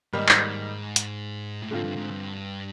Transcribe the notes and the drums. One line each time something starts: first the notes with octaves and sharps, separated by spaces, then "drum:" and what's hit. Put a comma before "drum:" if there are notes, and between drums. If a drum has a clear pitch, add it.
G#2 D#3 G3 A#3 D#4
drum: clap
drum: hi-hat
A2
G#2 D3 F3 A3 C4 F4
G2
G#2
G2